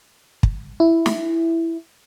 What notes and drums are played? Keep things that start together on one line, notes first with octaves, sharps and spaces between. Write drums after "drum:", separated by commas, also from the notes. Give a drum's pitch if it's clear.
drum: kick
E4
drum: snare